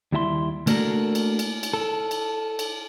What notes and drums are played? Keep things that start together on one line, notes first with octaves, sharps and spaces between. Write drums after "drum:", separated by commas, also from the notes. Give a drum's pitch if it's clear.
D#2 G3 E4 E5 G5 C6
A3 A#3 D4 F#4 A4 A#4, drum: cymbal
drum: cymbal
drum: cymbal
drum: cymbal
A4
drum: cymbal
drum: cymbal